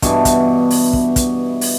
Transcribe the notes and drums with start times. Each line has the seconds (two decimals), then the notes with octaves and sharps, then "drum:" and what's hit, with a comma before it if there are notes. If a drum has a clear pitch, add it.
0.02 G2 B2 E3, drum: kick, hi-hat
0.25 drum: kick, hi-hat
0.70 drum: open hi-hat
0.93 drum: kick
1.16 drum: kick, hi-hat
1.61 drum: open hi-hat